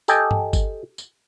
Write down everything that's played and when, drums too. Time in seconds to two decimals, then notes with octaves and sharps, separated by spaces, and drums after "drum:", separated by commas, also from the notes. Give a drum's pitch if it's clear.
0.08 G4 A4 D#5 G5 G#5, drum: tambourine
0.31 drum: tom G2
0.53 drum: kick, tambourine
0.98 drum: tambourine